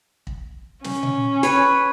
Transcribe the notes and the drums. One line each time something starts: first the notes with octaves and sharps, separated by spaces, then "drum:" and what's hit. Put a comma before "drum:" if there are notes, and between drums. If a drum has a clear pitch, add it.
drum: kick
C#4, drum: snare
drum: tom A#2
B4 C#5, drum: hi-hat